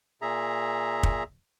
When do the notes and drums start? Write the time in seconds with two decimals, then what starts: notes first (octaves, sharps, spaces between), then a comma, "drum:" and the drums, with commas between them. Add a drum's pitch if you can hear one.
0.22 A#2 G#4 E5 A#5
1.03 drum: kick